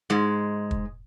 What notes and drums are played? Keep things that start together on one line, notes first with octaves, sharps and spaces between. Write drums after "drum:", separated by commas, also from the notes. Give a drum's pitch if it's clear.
G#2 G#3
drum: kick